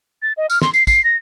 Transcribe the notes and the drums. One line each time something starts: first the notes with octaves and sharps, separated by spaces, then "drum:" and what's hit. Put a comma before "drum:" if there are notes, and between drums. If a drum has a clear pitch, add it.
A6
D#5
F6, drum: tambourine
C6, drum: snare
C7, drum: tambourine
C7, drum: kick, tambourine
A#6